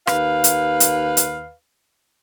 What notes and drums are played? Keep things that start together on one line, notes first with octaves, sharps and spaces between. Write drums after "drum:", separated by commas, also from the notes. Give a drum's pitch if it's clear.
D#2 B4 F5, drum: rim click
drum: hi-hat
drum: hi-hat
drum: hi-hat